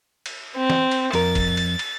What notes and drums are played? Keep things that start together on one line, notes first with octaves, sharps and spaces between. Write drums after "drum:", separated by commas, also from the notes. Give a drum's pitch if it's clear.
drum: cymbal
C4
drum: snare E3
drum: cymbal
F2 A#4 A6, drum: cymbal
drum: kick, cymbal
drum: cymbal
drum: cymbal